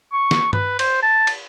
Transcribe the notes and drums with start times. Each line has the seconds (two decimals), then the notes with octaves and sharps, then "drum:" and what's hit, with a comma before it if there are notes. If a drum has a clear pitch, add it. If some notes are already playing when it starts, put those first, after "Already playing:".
0.12 C#6
0.31 drum: snare
0.53 B4, drum: tom G2
0.79 C5, drum: cymbal
1.02 A5
1.27 drum: cymbal